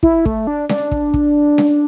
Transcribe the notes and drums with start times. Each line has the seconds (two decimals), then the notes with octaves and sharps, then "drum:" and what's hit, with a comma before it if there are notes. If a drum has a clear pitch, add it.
0.03 E4, drum: kick
0.25 A3, drum: kick
0.47 D4
0.69 D4, drum: snare C#4
0.92 drum: kick
1.14 drum: kick
1.58 drum: snare C#4